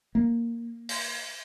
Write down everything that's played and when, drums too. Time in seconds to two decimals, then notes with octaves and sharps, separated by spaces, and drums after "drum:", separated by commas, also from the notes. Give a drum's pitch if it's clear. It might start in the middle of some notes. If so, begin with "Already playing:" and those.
0.15 A#3
0.89 drum: open hi-hat